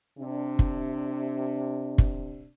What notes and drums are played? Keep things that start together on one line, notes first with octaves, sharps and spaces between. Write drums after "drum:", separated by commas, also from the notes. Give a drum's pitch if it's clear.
C3 D4
drum: kick
drum: kick